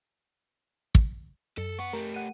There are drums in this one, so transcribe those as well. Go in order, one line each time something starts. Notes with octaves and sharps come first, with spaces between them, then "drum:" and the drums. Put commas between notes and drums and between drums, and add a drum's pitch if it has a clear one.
drum: kick
F#2 A4
B3 F#5 C#6
A3 G4 A#4
F#5 D#7